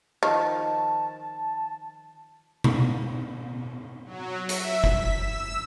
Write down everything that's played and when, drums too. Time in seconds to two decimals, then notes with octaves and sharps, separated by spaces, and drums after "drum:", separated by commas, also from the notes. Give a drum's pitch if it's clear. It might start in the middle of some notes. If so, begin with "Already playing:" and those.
0.23 D#3 F3 A5
2.64 drum: tom B2
4.05 F#3
4.49 E5, drum: hi-hat
4.84 B6, drum: kick F#1
5.13 E6